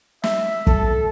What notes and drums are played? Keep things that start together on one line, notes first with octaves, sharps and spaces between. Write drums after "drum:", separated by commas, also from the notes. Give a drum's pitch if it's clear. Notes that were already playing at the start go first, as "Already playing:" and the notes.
E5, drum: snare
A4, drum: kick